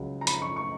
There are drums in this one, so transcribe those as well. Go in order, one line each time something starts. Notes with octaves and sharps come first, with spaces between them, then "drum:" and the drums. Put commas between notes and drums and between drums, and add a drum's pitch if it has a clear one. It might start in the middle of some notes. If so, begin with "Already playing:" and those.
Already playing: C#2 C#3 F#3
A#5
B5, drum: hi-hat
C#6
C#6